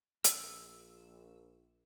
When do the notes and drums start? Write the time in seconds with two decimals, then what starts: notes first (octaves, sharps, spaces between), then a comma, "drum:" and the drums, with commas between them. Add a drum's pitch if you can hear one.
0.24 A#1 E6, drum: hi-hat